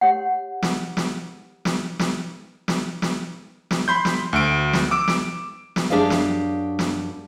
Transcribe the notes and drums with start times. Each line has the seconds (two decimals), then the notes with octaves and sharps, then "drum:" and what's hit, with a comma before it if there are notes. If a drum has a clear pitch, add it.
0.01 G4 C#5 F#5
0.62 drum: snare
0.97 drum: snare
1.65 drum: snare
1.99 drum: snare
2.68 drum: snare
3.02 drum: snare
3.71 drum: snare
3.88 B5 C6 G6
4.05 drum: snare
4.33 D2 D7
4.73 drum: snare
4.91 D6 E6 D7
5.08 drum: snare
5.76 drum: snare
5.90 F#2 D4 G4 G#4 D5 F5
6.10 drum: snare
6.79 drum: snare